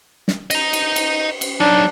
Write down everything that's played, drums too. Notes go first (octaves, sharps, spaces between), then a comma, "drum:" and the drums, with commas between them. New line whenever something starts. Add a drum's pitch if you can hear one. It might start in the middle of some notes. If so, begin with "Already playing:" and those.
drum: snare
D#5 A#5, drum: cymbal
drum: cymbal
drum: cymbal
drum: cymbal
F#3 D4 D#4